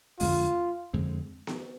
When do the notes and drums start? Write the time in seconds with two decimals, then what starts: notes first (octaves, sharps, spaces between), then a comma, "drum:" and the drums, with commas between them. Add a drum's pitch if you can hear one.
0.20 F2 D3 G#3 C4 F4, drum: open hi-hat
0.93 F2 D3 G#3 C4
1.47 drum: snare B3